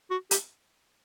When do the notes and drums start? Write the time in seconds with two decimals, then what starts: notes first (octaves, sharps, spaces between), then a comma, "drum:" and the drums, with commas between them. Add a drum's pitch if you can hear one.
0.11 F#4
0.31 G4, drum: hi-hat